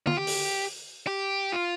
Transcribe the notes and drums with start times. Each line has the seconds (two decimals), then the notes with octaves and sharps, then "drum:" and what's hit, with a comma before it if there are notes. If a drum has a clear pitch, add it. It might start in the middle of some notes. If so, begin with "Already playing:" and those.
0.07 F4, drum: tom D3
0.17 G4
0.27 drum: open hi-hat
1.07 G4
1.52 F4